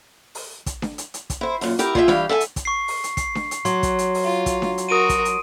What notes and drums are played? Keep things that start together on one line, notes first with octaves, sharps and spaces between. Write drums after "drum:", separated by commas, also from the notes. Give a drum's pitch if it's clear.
drum: open hi-hat
drum: kick, hi-hat
drum: snare D4
drum: hi-hat
drum: hi-hat
drum: kick, hi-hat
E4 C5
F#2 A#2, drum: open hi-hat
E4 G4 A#4, drum: hi-hat
F4 G#4 A4 D#5 E5 G5, drum: kick
G2 E3 G4 F5, drum: snare D4
A4 E5 F5 G#5
drum: hi-hat
drum: kick, hi-hat
C#6 C7
drum: open hi-hat
drum: hi-hat
C7, drum: kick, hi-hat
drum: snare D4
drum: hi-hat
F#3 C6, drum: hi-hat
drum: kick, hi-hat
drum: hi-hat
drum: open hi-hat
F4
drum: kick, hi-hat
drum: snare D4
drum: hi-hat
F#4 A#4 D#6 D7 D#7
drum: kick, hi-hat
drum: hi-hat